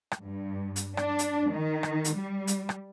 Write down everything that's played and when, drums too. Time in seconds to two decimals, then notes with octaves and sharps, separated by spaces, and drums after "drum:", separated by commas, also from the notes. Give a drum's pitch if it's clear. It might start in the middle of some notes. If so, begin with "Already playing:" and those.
0.11 drum: rim click
0.23 G2
0.76 drum: hi-hat
0.97 D4, drum: rim click
1.19 drum: hi-hat
1.53 D#3
1.83 drum: rim click
2.04 drum: hi-hat
2.16 G3
2.47 drum: hi-hat
2.69 drum: rim click